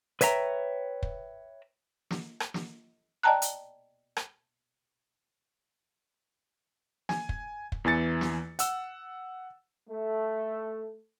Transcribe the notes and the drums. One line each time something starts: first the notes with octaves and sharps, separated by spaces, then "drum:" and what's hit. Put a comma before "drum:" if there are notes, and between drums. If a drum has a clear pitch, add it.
B4 C#5 E5 G5 A#5, drum: hi-hat
drum: kick
drum: snare
drum: rim click
drum: snare
D5 D#5 G5 A5 A#5 F#6
drum: hi-hat
drum: rim click
G#5, drum: snare
drum: kick
drum: kick
E2 E3 G#5 A6 C#7
drum: snare
F#5 E6, drum: hi-hat
A3